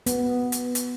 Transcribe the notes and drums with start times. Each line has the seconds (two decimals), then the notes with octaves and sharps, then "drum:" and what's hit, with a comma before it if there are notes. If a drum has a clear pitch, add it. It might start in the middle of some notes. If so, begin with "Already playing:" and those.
0.06 B3, drum: hi-hat
0.52 drum: hi-hat
0.75 drum: hi-hat